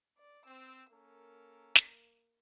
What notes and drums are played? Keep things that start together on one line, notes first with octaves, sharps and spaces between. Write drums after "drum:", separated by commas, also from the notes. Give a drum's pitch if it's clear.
D5
C4 E6
A#3 C#4 A4 A#4
drum: snare